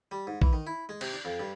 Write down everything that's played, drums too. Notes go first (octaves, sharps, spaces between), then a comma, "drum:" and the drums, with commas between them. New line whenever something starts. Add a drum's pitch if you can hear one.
G3
G#2
E3, drum: kick A#1
D#3
E4
G#3
C3, drum: cymbal
D4
F2
G2